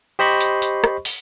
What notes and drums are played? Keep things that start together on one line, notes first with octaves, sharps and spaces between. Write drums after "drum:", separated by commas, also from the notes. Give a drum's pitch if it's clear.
G4 C5 D#5 B5 C#6
drum: hi-hat
drum: hi-hat
drum: rim click
drum: open hi-hat